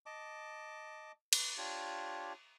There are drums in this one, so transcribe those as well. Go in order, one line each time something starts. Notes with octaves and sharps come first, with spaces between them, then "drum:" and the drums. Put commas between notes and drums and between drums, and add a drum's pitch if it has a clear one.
D#5 A5 D6
B4, drum: cymbal
D4 F4 G4 C#5